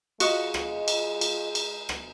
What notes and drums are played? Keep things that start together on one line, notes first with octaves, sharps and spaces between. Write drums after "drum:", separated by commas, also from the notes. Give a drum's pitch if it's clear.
G#3 F4 F#4 D#5 C#6, drum: cymbal
drum: rim click
drum: cymbal
drum: cymbal
drum: cymbal
drum: rim click